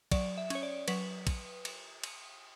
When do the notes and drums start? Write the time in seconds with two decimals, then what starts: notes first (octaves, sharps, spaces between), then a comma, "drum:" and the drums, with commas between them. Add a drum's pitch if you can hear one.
0.11 F#3 D5, drum: kick, cymbal
0.38 E5
0.50 C#4 C#5, drum: cymbal
0.63 D5
0.88 F#3 B4, drum: cymbal
1.27 drum: kick, cymbal
1.65 drum: cymbal
2.04 drum: cymbal